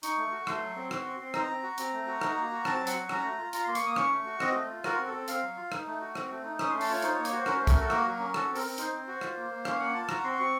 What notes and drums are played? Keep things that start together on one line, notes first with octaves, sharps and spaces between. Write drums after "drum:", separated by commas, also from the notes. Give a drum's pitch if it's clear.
D#4 C#6, drum: hi-hat
A3
F#4
A3 C6, drum: rim click
F#3
C4
F#4, drum: rim click
C4
C4
D#4 A#5, drum: rim click
C4
F#4
C4, drum: hi-hat
A3
F#4
D#4, drum: rim click
A#3
F#4
C4 A5, drum: rim click
F#3
F#5, drum: hi-hat
F#4
C#4 A#5, drum: rim click
A3
F4
F4 A#5, drum: hi-hat
A#3 C6
C#6, drum: hi-hat
A#3 D#6
C#4 C#6, drum: rim click
A3
F#4
C4 D#5, drum: rim click
A3
F4
F#4 A#4, drum: rim click
C4
A4
C4
C4 F5, drum: hi-hat
F#3
F4
D#4, drum: rim click
A3
F#4
C4, drum: rim click
A3
D#4
C#4 D#6, drum: rim click
A3 C6
A5, drum: open hi-hat
F4 C#5
D#4 C5, drum: hi-hat
C#5
A#3
C#5, drum: hi-hat
F#4 C5
C#4 A#4, drum: rim click
A3 C5
A#4, drum: kick, hi-hat
F#4
A4
A#3 A#4, drum: rim click
F#3
C#4
F#4 A4, drum: rim click
C4
A#4, drum: open hi-hat
C4
D#4 C5, drum: hi-hat
C4
F#4
F4, drum: rim click
A#3
A#3
C#4 F5, drum: rim click
A#3 F#5
F4 A5
F#4 A#5, drum: rim click
C4 C6
C4 C#6